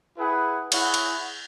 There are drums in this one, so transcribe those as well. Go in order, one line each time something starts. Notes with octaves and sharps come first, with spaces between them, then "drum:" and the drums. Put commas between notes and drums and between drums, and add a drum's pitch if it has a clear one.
E4 G#4 B4 F#5
E4 G#4 C#5 F#5, drum: cymbal
drum: cymbal